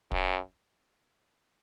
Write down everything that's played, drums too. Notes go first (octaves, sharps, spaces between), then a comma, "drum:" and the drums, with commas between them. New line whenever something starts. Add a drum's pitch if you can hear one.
F#2, drum: kick